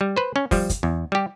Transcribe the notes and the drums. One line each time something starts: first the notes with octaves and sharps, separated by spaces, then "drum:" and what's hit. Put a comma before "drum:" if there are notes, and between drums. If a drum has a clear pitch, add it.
G3
B4 C5
C#4
F3 G3, drum: kick, open hi-hat
drum: kick, hi-hat
E2
G3 G4